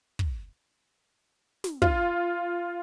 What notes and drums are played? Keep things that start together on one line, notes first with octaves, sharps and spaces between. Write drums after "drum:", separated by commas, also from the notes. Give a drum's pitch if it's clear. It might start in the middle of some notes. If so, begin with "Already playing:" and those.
drum: kick
drum: snare
F4, drum: kick